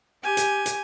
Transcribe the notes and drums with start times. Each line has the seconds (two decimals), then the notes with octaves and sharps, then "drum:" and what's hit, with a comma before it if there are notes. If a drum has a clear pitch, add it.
0.23 G4 G#5
0.37 drum: hi-hat
0.66 drum: hi-hat